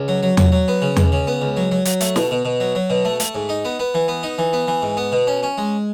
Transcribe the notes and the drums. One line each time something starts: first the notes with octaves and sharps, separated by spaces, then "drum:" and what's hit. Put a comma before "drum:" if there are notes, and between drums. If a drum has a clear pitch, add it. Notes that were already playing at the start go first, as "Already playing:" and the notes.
Already playing: C#2
F#3
F#3
F#3, drum: tom E2
F#3
B3
C#3
C#2, drum: tom E2
C#3
B3
C#2
F#3
F#3
F#3, drum: hi-hat
A3, drum: hi-hat
B2, drum: snare
B2
B2
F#3
F#3
B2
A3
A3, drum: hi-hat
G#2
D#4
B3
B3
E3
B3
D#4
E3
B3
E3
G#2
B3
B2
C#4
C#4
G#3